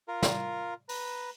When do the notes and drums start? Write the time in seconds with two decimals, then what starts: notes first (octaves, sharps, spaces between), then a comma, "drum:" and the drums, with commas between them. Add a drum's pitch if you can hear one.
0.08 F4 A#4
0.22 drum: snare
0.89 B4 A#5, drum: open hi-hat